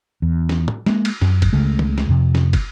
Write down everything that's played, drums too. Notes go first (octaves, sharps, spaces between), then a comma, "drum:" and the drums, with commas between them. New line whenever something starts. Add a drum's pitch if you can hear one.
E2
drum: snare
drum: tom
G#3 A#3, drum: snare
drum: cymbal
F#2, drum: snare
drum: kick, cymbal
C#2 C#3 G#3 A3
drum: tom
drum: snare
F2 C3
drum: snare
drum: kick, cymbal